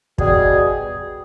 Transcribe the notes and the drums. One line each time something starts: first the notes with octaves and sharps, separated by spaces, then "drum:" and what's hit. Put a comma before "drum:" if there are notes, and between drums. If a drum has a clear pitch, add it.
B2 G3 G#4, drum: kick